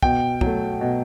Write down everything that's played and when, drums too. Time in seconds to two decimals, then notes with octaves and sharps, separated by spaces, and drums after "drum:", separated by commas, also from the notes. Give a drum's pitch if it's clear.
0.02 B2 G5, drum: kick
0.41 F#3 A3, drum: kick
0.81 B2